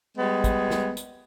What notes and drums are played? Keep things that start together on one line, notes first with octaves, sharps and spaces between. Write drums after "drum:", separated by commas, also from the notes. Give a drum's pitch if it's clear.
G3 G#3 B3
drum: kick, hi-hat
drum: snare
drum: hi-hat